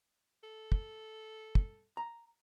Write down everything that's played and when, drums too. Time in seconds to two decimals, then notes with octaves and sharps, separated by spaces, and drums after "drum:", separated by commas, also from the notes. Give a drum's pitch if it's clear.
0.43 A4
0.72 drum: kick
1.55 drum: kick
1.97 A#5